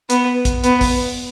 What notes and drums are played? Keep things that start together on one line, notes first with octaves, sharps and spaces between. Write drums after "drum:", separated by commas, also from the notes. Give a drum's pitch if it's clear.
B3, drum: hi-hat
drum: kick A1, hi-hat
B3, drum: hi-hat
drum: kick A1, open hi-hat